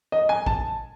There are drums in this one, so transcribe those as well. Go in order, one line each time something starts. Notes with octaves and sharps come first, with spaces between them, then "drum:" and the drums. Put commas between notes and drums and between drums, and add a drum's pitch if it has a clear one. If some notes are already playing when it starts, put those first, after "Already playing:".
D#5
G#5
A5, drum: kick